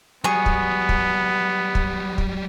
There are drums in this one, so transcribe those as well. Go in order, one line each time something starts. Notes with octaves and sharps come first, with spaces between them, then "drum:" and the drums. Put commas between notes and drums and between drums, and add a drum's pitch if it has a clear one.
F#3 G3 B3 G#4 C#6
drum: kick
drum: kick
drum: kick
drum: kick